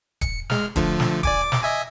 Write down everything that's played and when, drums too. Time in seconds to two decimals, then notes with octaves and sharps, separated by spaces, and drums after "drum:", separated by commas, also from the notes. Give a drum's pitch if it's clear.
0.21 C#7, drum: kick D#1, hi-hat
0.50 G#3 F6, drum: snare
0.76 D3 F3 A3, drum: kick D#1, hi-hat
1.00 drum: snare
1.23 D5 G#5 D6, drum: kick D#1, hi-hat
1.42 D6
1.52 drum: snare
1.63 D#5 E5 G#5